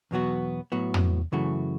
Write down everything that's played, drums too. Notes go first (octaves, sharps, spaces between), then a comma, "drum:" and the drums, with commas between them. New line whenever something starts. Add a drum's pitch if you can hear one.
E2 B2 F#3 B3 F#4
A2 F#3 B3 F#4
drum: tom
F#2 C#3 E3 A3 F#4